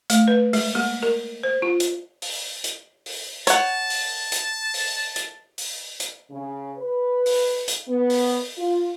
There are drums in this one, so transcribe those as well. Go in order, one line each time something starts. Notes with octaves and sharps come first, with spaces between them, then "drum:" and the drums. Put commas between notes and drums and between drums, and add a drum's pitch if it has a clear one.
A3, drum: hi-hat
B4
G#3, drum: open hi-hat
A#3
A#4
C5
F4
drum: hi-hat
drum: open hi-hat
drum: hi-hat
drum: open hi-hat
C#5 F#5 A5, drum: hi-hat
drum: open hi-hat
drum: hi-hat
drum: open hi-hat
drum: hi-hat
drum: open hi-hat
drum: hi-hat
C#3
B4
drum: open hi-hat
drum: hi-hat
B3
drum: open hi-hat
F4